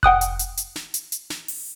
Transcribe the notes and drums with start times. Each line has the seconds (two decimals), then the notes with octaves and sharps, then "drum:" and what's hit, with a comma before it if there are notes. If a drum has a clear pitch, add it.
0.03 F#5 G5 D#6 F#6, drum: kick F1
0.21 drum: hi-hat
0.39 drum: hi-hat
0.57 drum: hi-hat
0.76 drum: snare
0.94 drum: hi-hat
1.12 drum: hi-hat
1.30 drum: snare
1.48 drum: open hi-hat